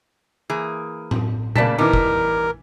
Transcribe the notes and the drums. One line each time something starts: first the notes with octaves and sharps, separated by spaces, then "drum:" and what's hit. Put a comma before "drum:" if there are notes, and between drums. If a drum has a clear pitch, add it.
E3 A#3 G#4
drum: tom A2
G2 C#3 A#3 D5 A5 B6, drum: tom A#2
E2 E3 G3 D#4 A#4 D6
drum: kick F1